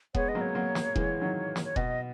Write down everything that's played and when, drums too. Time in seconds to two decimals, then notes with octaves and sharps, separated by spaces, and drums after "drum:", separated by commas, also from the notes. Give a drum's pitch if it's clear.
0.15 G#3 B3 C#5, drum: kick E1
0.29 G#3 D#5
0.35 F#3 A#3
0.41 C#5
0.55 F#3 A#3
0.75 drum: snare
0.96 E3 G#3, drum: kick E1
1.22 D#3 F#3
1.56 drum: snare
1.65 C#5
1.76 B2 D#5, drum: kick E1